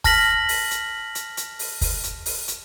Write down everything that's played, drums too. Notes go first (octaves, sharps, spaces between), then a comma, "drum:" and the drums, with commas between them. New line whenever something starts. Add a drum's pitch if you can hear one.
A5 F6 A#6 B6 F#7, drum: kick, open hi-hat
drum: open hi-hat
drum: hi-hat
drum: hi-hat
drum: hi-hat
drum: open hi-hat
drum: kick, open hi-hat
drum: hi-hat
drum: open hi-hat
drum: hi-hat